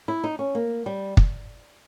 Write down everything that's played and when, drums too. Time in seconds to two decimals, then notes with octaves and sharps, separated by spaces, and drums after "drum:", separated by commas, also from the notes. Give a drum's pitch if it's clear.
0.08 E4
0.24 D#4
0.39 C#4
0.55 A#3
0.86 G3
1.17 drum: kick